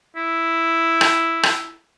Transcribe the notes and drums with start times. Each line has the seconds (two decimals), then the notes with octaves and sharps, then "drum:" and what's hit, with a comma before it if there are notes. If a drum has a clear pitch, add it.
0.16 E4
1.01 drum: rim click
1.43 drum: rim click